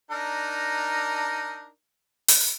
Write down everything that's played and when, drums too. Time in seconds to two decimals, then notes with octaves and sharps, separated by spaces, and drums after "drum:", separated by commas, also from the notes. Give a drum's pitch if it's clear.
0.11 D4 D#4 A#4
2.28 drum: open hi-hat